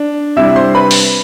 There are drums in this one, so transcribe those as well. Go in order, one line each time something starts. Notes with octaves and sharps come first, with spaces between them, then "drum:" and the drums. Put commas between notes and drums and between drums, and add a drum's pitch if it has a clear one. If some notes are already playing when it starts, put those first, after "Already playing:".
Already playing: D4
C3 G3 D4 E4 E5
C5 C6
B4 B5
drum: open hi-hat